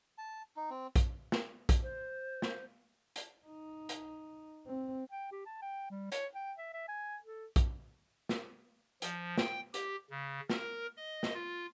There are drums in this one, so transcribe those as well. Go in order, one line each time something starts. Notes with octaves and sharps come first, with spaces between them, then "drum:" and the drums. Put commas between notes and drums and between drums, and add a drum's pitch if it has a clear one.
A5
D#4
C4
drum: kick A#1, hi-hat
drum: snare
drum: kick A#1, hi-hat
C5
drum: snare
drum: hi-hat
D#4
drum: hi-hat
C4
G5
G4
A5
G5
G3
C#5, drum: hi-hat
G5
E5
E5
G#5
A4
drum: kick A#1, hi-hat
drum: snare
F3, drum: hi-hat
G5, drum: snare
G4, drum: hi-hat
C#3
A#4, drum: snare
D#5
drum: snare
F4